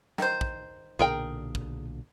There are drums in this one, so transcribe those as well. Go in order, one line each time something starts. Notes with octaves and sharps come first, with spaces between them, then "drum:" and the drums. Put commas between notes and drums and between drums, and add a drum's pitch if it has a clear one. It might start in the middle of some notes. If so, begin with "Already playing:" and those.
D#3 C5, drum: snare
drum: kick
B1 A#2 D3 G#4 A#4 G5
drum: kick